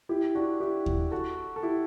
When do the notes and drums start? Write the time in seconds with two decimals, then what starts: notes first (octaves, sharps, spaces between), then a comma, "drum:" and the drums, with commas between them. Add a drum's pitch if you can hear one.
0.09 E4 G4
0.35 D4 F#4
0.60 E4 G4
0.86 drum: kick D#2
1.11 F#4 A4
1.56 A4
1.63 E4 G4